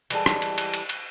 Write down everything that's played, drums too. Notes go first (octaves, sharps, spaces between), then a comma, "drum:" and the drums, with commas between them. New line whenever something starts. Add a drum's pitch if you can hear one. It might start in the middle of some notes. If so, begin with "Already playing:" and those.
E3 G3 G#3 A4, drum: cymbal
drum: rim click
drum: cymbal
drum: cymbal
drum: cymbal
drum: cymbal